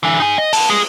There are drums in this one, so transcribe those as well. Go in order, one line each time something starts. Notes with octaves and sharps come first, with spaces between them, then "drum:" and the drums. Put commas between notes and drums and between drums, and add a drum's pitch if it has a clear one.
D3 E3
D#4 G#5
D#5
F#5 A5, drum: open hi-hat
G#3 G#4